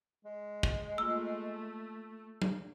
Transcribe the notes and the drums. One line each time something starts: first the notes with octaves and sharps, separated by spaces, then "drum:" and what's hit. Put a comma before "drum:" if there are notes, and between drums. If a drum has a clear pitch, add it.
G#3
drum: kick
A3 A#3 F4 E6
drum: tom F#3